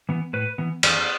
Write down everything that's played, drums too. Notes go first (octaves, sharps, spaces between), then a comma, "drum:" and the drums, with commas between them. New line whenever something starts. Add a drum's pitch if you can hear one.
E3 B3
A2 B4
E3 B3
E2 D5, drum: cymbal